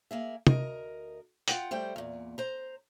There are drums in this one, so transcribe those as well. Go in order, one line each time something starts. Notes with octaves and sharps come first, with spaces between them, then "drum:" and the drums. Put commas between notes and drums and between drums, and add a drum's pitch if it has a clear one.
A#3 G#4 E5
D2 A#4 D#5, drum: tom
F4 F#5 G5, drum: hi-hat
G3 A3 C5 G5
E2 A#2
C5 A#5